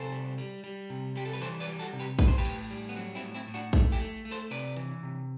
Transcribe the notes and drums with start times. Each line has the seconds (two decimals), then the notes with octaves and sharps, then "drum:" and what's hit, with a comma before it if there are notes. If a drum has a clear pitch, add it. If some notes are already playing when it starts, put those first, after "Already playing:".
Already playing: C3 A4 C5
0.12 G3
0.38 G3
0.64 G3
0.90 C3
1.15 G3 G4
1.26 A4
1.33 B4
1.41 E3 A4 C5
1.60 B4 D5
1.67 G3
1.79 F#4 A4
1.93 C3
1.99 G4 B4
2.19 A2 B4, drum: kick
2.28 C5
2.38 G4 B4
2.45 A2, drum: cymbal
2.71 G3
2.89 B3
2.96 F#3 C4
3.15 C4 E4
3.21 A2
3.34 C4 E4
3.48 A2
3.54 D4 F#4
3.73 A3, drum: kick
3.92 E4 G4
4.00 A3
4.25 A3
4.31 A4 C5
4.51 C3 B4 D5
4.77 E3, drum: hi-hat
5.03 C3